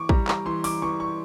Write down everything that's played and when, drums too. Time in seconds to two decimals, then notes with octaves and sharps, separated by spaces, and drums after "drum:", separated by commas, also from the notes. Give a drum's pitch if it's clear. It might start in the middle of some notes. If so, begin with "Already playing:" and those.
Already playing: E3 C#6 D6
0.09 G3 A#5, drum: kick
0.28 A#5, drum: clap
0.45 E3 C6
0.64 D6, drum: open hi-hat
0.82 E3 C#6
1.00 C#6